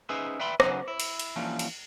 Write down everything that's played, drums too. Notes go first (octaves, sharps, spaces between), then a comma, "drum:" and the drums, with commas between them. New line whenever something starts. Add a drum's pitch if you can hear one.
C#4 D#4 G#4 B4 C5 E5
B4 D5 E5 G5 B5 C6
C#3 F#3 D#4 F#4 G#4, drum: rim click
E4
drum: cymbal
drum: cymbal
E3 F3 G3 A#3 C#4 D4
drum: cymbal